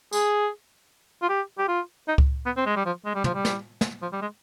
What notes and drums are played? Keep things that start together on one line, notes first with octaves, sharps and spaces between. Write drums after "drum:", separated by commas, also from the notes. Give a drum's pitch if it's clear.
G#4, drum: tambourine
F4
G4
G4
F4
D#4
drum: kick C#2
B3
C4
G#3
G3
F3
G#3
G3
F3, drum: tom
G3
drum: snare
drum: snare
F3
G3
G#3